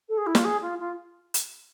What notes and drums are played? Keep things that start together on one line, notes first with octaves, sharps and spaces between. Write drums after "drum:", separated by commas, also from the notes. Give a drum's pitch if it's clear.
A4
G#4
E4
F4, drum: snare
G#4
F4
F4
drum: hi-hat